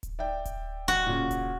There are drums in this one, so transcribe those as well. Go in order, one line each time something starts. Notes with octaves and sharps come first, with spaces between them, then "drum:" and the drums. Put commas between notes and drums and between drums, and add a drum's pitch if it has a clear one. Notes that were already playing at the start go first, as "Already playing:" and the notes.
drum: kick D1, hi-hat
D5 E5 G5
drum: kick D1, hi-hat
F#4, drum: kick D1, hi-hat
A#2 C#3
drum: kick D1, hi-hat